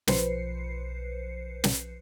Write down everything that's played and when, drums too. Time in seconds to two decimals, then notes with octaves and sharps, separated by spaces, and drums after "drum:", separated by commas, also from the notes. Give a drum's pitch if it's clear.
0.07 B1 F3 B4 C5 C7 C#7, drum: snare
1.64 drum: snare